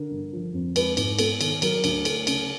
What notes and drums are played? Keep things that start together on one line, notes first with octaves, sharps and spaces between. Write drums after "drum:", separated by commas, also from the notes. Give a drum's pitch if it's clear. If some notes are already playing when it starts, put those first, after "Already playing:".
Already playing: D3 A#4
G1
F3
F2
G#3 B4, drum: cymbal
G#2, drum: cymbal
B3 A4, drum: cymbal
D#3, drum: cymbal
F#3 A#4, drum: cymbal
D2, drum: cymbal
A3, drum: cymbal
C#3, drum: cymbal